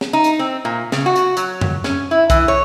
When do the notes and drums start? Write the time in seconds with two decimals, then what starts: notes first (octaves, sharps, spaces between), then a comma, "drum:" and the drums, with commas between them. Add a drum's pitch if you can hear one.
0.01 drum: snare
0.13 D#4
0.24 drum: hi-hat
0.39 C4
0.65 A#2
0.92 C#3, drum: snare
1.06 F#4
1.16 drum: hi-hat
1.37 F#3, drum: hi-hat
1.61 drum: tom F2
1.84 C#4, drum: snare
2.11 E4
2.30 E3, drum: kick, hi-hat
2.48 C#5